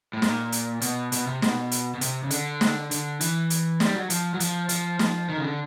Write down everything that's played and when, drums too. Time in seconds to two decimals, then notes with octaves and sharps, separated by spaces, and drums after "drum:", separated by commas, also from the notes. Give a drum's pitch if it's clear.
0.13 A2
0.22 A#2, drum: snare
0.52 drum: hi-hat
0.82 B2, drum: hi-hat
1.12 B2, drum: hi-hat
1.27 C3
1.42 B2, drum: snare
1.71 drum: hi-hat
1.94 B2
2.01 C3, drum: hi-hat
2.23 C#3
2.31 D3, drum: hi-hat
2.61 drum: snare
2.91 D3, drum: hi-hat
3.21 E3, drum: hi-hat
3.50 drum: hi-hat
3.80 G3, drum: snare
3.95 F#3
4.10 F3, drum: hi-hat
4.34 F#3
4.40 F3, drum: hi-hat
4.69 F3, drum: hi-hat
4.99 F3, drum: snare
5.29 D#3
5.37 C#3
5.44 D3